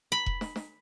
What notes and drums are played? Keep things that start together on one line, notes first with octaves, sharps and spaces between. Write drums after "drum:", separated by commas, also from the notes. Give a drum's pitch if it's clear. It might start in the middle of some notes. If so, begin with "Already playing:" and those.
B5
drum: kick E1
drum: snare
drum: snare